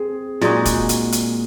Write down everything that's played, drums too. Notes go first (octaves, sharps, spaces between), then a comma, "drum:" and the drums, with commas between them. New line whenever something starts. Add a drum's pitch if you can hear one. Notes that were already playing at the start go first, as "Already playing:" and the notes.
Already playing: C4 G#4
A#2 G#3 D#4 F#4, drum: snare
drum: kick, hi-hat
drum: hi-hat
drum: hi-hat